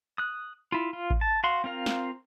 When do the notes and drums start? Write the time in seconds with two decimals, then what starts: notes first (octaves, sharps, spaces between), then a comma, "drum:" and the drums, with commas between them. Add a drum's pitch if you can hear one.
0.18 D#6 F#6
0.72 E4 F4
0.93 F4
1.10 drum: kick A1
1.21 A5
1.44 F#4 F5 C6
1.64 C4 F4 A#4 F5
1.86 drum: snare